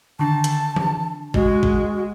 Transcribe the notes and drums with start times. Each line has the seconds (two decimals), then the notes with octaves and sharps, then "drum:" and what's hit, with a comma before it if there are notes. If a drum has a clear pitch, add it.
0.19 D3 D#3 D4 A5
0.44 drum: hi-hat
0.76 drum: tom E3
1.34 G#3 F#4, drum: kick
1.63 drum: kick